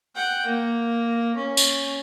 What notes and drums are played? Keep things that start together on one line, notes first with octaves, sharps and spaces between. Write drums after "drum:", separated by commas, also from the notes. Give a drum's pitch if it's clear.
F#5 G5
A#3
C#4
drum: tambourine